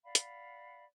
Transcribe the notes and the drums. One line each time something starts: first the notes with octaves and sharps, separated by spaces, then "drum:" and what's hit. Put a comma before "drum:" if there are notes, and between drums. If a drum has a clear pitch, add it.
D5 F5 F#5 B5
drum: hi-hat